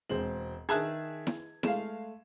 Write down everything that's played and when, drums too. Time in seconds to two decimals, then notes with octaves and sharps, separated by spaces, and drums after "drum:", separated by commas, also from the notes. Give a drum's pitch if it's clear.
0.10 E1 G#3 C4 C5 F#7
0.69 D#3 G#4 E5 A5 F#6 G#6, drum: hi-hat
1.27 drum: snare E4
1.63 G#3 A3 F5 E7, drum: snare E4